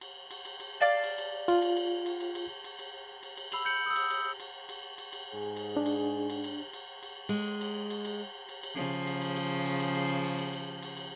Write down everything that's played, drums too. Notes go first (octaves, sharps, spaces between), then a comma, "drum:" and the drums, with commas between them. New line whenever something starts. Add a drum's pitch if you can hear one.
drum: cymbal
drum: cymbal
drum: cymbal
drum: cymbal
D5 F5 A5
drum: cymbal
drum: cymbal
F4, drum: cymbal
drum: cymbal
drum: cymbal
drum: cymbal
drum: cymbal
drum: cymbal
drum: cymbal
drum: cymbal
drum: cymbal
drum: cymbal
B5 E6 C7 F7 F#7, drum: cymbal
G6 C#7 F#7
D#6 E6
drum: cymbal
drum: cymbal
drum: cymbal
drum: cymbal
drum: cymbal
drum: cymbal
G#2 G#4
drum: cymbal
D4
drum: cymbal
drum: cymbal
drum: cymbal
drum: cymbal
drum: cymbal
G#3, drum: cymbal
drum: cymbal
drum: cymbal
drum: cymbal
drum: cymbal
drum: cymbal
C#3 F3
drum: cymbal
drum: cymbal
drum: cymbal
drum: cymbal
drum: cymbal
drum: cymbal
drum: cymbal
drum: cymbal
drum: cymbal
drum: cymbal
drum: cymbal